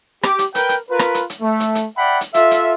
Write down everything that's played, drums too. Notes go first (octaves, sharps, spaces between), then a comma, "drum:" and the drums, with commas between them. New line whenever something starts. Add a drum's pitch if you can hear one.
G4 D6, drum: rim click
drum: hi-hat
A#4 B4 G5, drum: hi-hat
drum: hi-hat
F4 A#4 B4
drum: rim click
drum: hi-hat
drum: hi-hat
A3
drum: hi-hat
drum: hi-hat
D5 E5 F#5 G5 B5
drum: hi-hat
F4 A4 E5, drum: hi-hat
drum: hi-hat